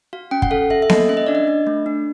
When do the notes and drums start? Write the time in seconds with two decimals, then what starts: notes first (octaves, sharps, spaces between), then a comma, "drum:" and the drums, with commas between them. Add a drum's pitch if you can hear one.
0.13 F#4 F5
0.31 C#4 G5
0.42 F#5, drum: kick
0.51 A4 F5
0.70 A4 E5
0.82 E5
0.89 A#3 D#5, drum: snare B3
1.09 C#4 E5
1.17 D#5
1.27 D4 D5
1.35 D#5
1.47 D4
1.67 A3
1.86 D4